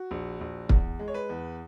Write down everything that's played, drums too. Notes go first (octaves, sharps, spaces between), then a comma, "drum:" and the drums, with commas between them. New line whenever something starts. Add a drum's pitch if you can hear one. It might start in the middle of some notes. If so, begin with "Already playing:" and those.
Already playing: F#4
A#1
A#1
E2, drum: kick
G#3
C#5
B4
E2